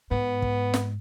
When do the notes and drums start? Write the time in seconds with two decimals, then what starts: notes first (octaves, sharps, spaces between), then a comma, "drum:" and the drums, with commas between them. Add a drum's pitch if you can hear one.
0.11 G#2 B3
0.42 drum: kick
0.74 drum: snare